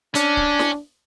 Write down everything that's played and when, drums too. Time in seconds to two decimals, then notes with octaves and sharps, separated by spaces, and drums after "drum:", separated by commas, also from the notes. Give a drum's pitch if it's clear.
0.15 C#4 D4, drum: hi-hat
0.37 drum: kick C#1
0.59 drum: snare